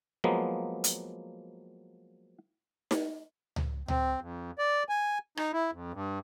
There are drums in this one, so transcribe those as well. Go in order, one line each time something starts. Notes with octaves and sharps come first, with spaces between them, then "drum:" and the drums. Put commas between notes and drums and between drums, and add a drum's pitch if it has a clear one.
F3 F#3 G#3 A#3 B3
drum: hi-hat
drum: snare D#4
drum: tom C#2
C4, drum: tom C#2
F2
D5
G#5
D#4, drum: rim click
E4
F2
G2